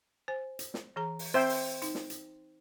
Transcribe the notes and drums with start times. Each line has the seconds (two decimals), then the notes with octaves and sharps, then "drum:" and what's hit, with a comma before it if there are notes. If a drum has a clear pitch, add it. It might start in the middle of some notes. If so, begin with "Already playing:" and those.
0.28 C5 G#5
0.59 drum: hi-hat
0.74 drum: snare
0.96 E3 G#4 A#5
1.19 drum: open hi-hat
1.34 C4 C5 E5 G5
1.49 drum: open hi-hat
1.82 D#4, drum: hi-hat
1.95 drum: snare
2.10 drum: hi-hat